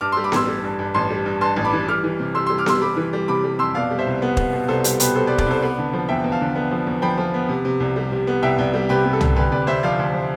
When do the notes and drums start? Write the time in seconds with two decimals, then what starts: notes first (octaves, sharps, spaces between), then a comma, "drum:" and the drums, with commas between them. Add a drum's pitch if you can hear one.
0.01 G2 D6 F6
0.12 G3 C6 E6
0.24 B5 D6
0.32 A1 C6 E6, drum: snare B3
0.48 G3
0.63 G2
0.79 G2
0.94 A1 A5 C6
1.10 G3
1.26 G2
1.41 G2 A5 C6
1.56 A1
1.65 B5 D6
1.73 E3
1.88 G3 D6 F6
2.04 E3
2.19 C3
2.35 G3 C6 E6
2.46 G3 C6 E6
2.58 D6 F6
2.66 G3 C6 E6, drum: snare B3
2.81 G3 B5 D6
2.97 E3
3.13 G3
3.28 C3 B5 D6
3.44 G3
3.59 F2 C6 E6
3.75 B2 D5 F5
3.91 G3
3.99 C5 E5
4.07 C2
4.22 B3
4.37 B3, drum: kick
4.53 B2
4.68 C2 A4 C5
4.84 G3, drum: hi-hat
5.00 B2 G4 B4, drum: hi-hat
5.15 G3 A4 C5
5.27 B4 D5
5.31 G3
5.38 B4 D5, drum: kick
5.46 C2 A4 C5
5.62 B3 B4 D5
5.78 D3
5.93 F3
6.09 E2 E5 G5
6.24 E2
6.32 F5 A5
6.41 D3
6.55 B3
6.71 F3
6.87 E2
7.02 F3 G5 B5
7.18 F3
7.34 B3
7.49 C3
7.65 C3
7.80 C2
7.96 G3
8.12 C3
8.27 B3
8.43 C2 E5 G5
8.58 C2
8.74 G3
8.89 C3 G4 B4
9.05 C3
9.13 A4
9.21 C2, drum: tom
9.36 D2 G4 B4
9.51 C3 B4 D5
9.67 C3 C5 E5
9.83 F3 D5 F5
9.99 D2
10.14 F3